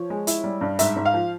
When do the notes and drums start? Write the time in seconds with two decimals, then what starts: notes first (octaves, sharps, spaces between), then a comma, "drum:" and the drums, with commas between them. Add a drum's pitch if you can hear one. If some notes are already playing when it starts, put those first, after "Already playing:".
Already playing: F3 C#5
0.10 G#3
0.27 E4, drum: hi-hat
0.44 G3
0.61 G2
0.79 G#2 E5, drum: hi-hat
0.96 G#2
1.05 F5
1.14 F3